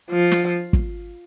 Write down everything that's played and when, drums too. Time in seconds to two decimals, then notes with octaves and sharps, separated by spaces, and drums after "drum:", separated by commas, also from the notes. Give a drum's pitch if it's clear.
0.11 F3
0.31 drum: snare
0.73 drum: kick